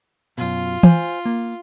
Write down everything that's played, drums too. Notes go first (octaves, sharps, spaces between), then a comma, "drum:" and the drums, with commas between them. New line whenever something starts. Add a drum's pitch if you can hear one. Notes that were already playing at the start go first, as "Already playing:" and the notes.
F#2 B2 F4
C5 G#5, drum: tom E3
A#3